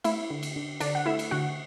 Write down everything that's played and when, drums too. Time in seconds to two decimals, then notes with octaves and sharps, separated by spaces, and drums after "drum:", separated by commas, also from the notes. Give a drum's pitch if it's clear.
0.04 A3 E4 E5, drum: cymbal
0.30 D3
0.43 drum: cymbal
0.56 D3
0.80 D3 D4 D5, drum: cymbal
0.95 F#5
1.06 A3 E4 E5
1.19 drum: cymbal
1.31 D3 F#4 F#5